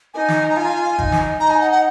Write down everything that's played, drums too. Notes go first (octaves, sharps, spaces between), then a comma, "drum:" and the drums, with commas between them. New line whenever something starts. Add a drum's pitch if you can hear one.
D#4 G#5
drum: snare
A#5
F4 G#5
D#4, drum: kick
drum: snare
D#4 A#5
G#5
F#5
F#5